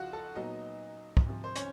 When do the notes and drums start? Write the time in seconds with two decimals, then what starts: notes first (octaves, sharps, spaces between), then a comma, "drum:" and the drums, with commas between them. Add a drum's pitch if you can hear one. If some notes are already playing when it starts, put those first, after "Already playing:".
Already playing: C#2 C#3 F3 D#4 F4 F#4 F5 F#5
0.13 A4 A5
0.35 A#2 F#3 B3 D#4 D#5
1.17 drum: kick
1.26 D2 C3 F3
1.44 C5
1.56 C#4 C#5, drum: hi-hat